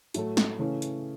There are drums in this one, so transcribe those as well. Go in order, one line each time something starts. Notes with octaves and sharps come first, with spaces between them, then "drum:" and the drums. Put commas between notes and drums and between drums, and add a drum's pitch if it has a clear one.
A2 F#3 A3, drum: hi-hat
drum: snare
C#3 E3 A3 C#4
drum: hi-hat